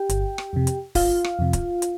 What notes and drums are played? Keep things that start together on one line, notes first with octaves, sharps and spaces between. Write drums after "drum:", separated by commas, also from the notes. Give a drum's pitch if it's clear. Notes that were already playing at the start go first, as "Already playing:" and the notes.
Already playing: G4 G5
G1, drum: hi-hat
drum: rim click
F2 C3
drum: hi-hat
G1 F4 F5, drum: kick C#1, open hi-hat
drum: rim click
F2 C3
drum: kick C#1, hi-hat
drum: hi-hat